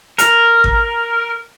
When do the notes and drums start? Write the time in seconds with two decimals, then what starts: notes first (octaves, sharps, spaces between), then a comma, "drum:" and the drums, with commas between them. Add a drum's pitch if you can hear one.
0.18 A#4, drum: hi-hat
0.64 drum: kick G#1